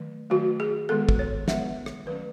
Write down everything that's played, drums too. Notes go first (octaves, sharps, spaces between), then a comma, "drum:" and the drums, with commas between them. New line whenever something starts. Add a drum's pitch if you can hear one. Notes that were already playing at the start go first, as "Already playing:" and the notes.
Already playing: D#3 F#3 A3
D#3 F#3 A3 F#4
G#4
D#3 G#3 B3 A4
drum: kick
C#5
D#3 G#3 B3 E5, drum: snare
drum: rim click
D#3 F#3 A3 C#4 B4